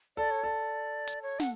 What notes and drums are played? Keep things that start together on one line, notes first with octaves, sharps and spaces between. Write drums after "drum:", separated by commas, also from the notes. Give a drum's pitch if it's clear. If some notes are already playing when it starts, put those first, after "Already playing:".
A4 D5
C#5
A4 D5
drum: hi-hat
C#5
F#5, drum: snare